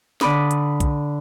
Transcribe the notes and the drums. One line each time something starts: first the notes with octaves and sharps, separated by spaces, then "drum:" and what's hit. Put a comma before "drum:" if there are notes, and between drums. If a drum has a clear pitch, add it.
D3 D5 B5 D#6, drum: snare
drum: hi-hat
drum: kick, hi-hat